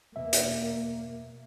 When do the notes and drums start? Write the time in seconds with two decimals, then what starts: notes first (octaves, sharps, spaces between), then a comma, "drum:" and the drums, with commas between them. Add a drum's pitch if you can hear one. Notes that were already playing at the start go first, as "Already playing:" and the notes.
0.16 E2 B2 A#3 E5
0.33 drum: hi-hat